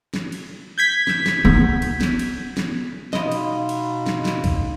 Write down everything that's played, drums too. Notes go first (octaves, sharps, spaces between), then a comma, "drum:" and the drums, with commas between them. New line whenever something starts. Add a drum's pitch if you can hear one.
drum: snare
drum: cymbal
G6 G#6 B6
drum: snare
drum: snare
B3, drum: kick
drum: cymbal
drum: snare
drum: cymbal
drum: snare
B2 D#4 D#5 F5 B5 C6, drum: snare
drum: cymbal
drum: cymbal
drum: snare
drum: snare
drum: kick, cymbal